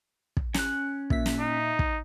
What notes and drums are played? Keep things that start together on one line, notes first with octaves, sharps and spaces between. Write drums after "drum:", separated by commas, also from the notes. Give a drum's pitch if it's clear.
drum: kick
C#4 F#6, drum: snare
A#2 E5 B6, drum: kick
drum: snare
D#4
drum: kick